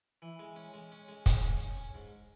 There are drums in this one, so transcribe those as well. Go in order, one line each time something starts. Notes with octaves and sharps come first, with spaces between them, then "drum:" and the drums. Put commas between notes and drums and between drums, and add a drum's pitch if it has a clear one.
E3
G#3
C#4
G#3
C#4
G#3
G#3, drum: kick, hi-hat
C#4
C#4
C#4
G#2